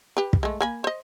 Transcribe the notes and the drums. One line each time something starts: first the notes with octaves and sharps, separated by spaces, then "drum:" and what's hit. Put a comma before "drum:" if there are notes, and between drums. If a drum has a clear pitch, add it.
G4 B4
drum: kick
G#3 A3
A#3 G#5 B5
C5 D#5